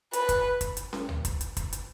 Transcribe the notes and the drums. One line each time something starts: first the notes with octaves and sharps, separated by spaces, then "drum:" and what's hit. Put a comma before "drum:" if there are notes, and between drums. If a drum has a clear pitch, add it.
B4, drum: hi-hat
drum: kick, hi-hat
drum: kick, hi-hat
drum: hi-hat
drum: snare C#4
drum: tom C#2
drum: kick, hi-hat
drum: hi-hat
drum: kick, hi-hat
drum: hi-hat